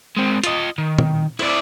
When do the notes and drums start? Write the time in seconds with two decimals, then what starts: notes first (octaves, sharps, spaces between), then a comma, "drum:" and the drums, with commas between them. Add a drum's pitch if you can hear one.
0.17 G#3 C4
0.44 F4 D#5, drum: hi-hat
0.78 D#3
0.98 drum: tom
1.39 E4 D5, drum: cymbal